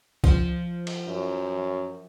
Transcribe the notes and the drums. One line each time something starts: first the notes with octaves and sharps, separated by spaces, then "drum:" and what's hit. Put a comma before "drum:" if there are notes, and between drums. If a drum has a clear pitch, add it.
C#2 F3, drum: kick
drum: cymbal
F#2